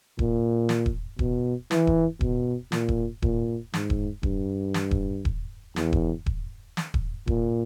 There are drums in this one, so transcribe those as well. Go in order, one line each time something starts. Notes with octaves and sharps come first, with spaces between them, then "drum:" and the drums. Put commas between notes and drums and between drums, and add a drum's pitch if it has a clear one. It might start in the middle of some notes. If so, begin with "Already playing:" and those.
A#2, drum: kick D#1
drum: snare
drum: kick D#1
B2, drum: kick D#1
E3, drum: snare
drum: kick D#1
B2, drum: kick D#1
A#2, drum: snare
drum: kick D#1
A#2, drum: kick D#1
G#2, drum: snare
drum: kick D#1
G2, drum: kick D#1
drum: snare
drum: kick D#1
drum: kick D#1
E2, drum: snare
drum: kick D#1
drum: kick D#1
drum: snare
drum: kick D#1
A#2, drum: kick D#1